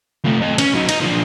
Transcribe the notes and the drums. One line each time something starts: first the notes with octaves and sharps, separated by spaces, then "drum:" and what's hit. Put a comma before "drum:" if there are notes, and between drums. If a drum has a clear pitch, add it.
F3 A3
A4 D#5
C#4, drum: cymbal
F#3 D#4
D#4, drum: cymbal
F3 D4